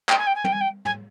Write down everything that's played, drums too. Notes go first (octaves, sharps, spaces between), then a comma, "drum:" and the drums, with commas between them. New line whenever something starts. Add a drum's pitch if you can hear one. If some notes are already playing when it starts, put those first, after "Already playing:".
G5, drum: clap
G#5
G5
G#5
G5, drum: tom
G#5
G5
G#5, drum: tom